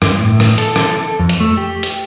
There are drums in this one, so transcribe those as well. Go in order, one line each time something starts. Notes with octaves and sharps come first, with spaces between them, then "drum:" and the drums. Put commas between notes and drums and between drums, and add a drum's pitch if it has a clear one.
G2, drum: rim click
A2
drum: rim click
A4, drum: hi-hat
drum: rim click
F2
drum: hi-hat
A3
G4
drum: hi-hat